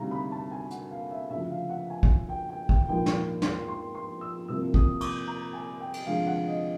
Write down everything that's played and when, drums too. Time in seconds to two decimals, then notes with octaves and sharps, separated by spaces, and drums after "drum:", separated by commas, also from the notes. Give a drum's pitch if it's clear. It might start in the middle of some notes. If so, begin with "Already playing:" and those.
Already playing: D2 C3 D#3 G3 F5 A#5
0.11 B5
0.32 A5
0.51 G#5
0.71 F#5, drum: hi-hat
0.91 F5
1.11 E5
1.30 D2 C#3 F3 E5
1.50 F5
1.69 F#5
1.90 G#5
2.03 drum: kick
2.29 G5
2.49 G5
2.69 G5, drum: kick
2.89 A#1 G#2 F3 A#3 G5
3.06 drum: snare
3.42 C6, drum: snare
3.68 C6
3.95 C6
4.21 E6
4.48 C2 C3 F3 A#3 E6
4.74 D#6, drum: kick
5.01 D6, drum: cymbal
5.27 A#5
5.53 G#5
5.80 G5
5.94 drum: cymbal
6.06 F1 F2 D3 F3 G#3 F5
6.27 F#5
6.46 D#5